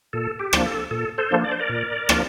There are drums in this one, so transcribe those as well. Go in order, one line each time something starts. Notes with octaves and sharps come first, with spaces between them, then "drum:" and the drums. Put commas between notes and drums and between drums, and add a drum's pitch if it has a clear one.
A#2 A4
G4
F3 A#3 D4, drum: rim click
A4
A#2 A4
A4 C5
F3 A#3 D4
D5
C5
A#4 D5
A#2
F3 A#3 D4, drum: rim click